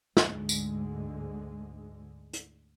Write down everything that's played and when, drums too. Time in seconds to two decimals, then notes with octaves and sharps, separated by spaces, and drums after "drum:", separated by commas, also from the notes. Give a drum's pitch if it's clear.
0.17 D2 G#2 D3 G#3, drum: snare
0.49 drum: tambourine
2.33 drum: hi-hat